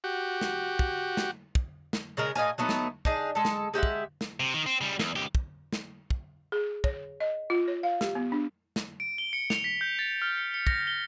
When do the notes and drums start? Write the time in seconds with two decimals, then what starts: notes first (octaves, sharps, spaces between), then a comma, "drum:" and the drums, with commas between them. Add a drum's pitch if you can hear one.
0.04 F#4 G4
0.41 drum: snare
0.79 drum: kick
1.17 drum: snare
1.55 drum: kick
1.93 drum: snare
2.17 C#3 G#3 A#4
2.35 A2 D#5 F5 G#5
2.58 F#3 A3 B3 D#4
2.69 drum: snare
3.05 D4 D#4 G#4, drum: kick
3.35 G#3 A4
3.45 drum: snare
3.74 G#3 G4 E5 F#5
3.83 drum: kick
4.21 drum: snare
4.40 C3
4.54 D#3
4.66 C4
4.81 C#3 G3
4.99 E2, drum: snare
5.15 C#2 G4
5.35 drum: kick
5.73 drum: snare
6.10 drum: kick
6.52 G#4
6.84 C#5, drum: kick
7.20 D#5
7.50 F4
7.68 C#5
7.83 F5
8.01 G4, drum: snare
8.15 B3
8.32 D4
8.76 drum: snare
9.00 D7
9.18 G7
9.33 C#7
9.50 F7, drum: snare
9.64 B6
9.81 G6
9.99 A6
10.22 F6
10.38 C#7
10.54 C#7
10.67 A#6, drum: kick
10.87 G7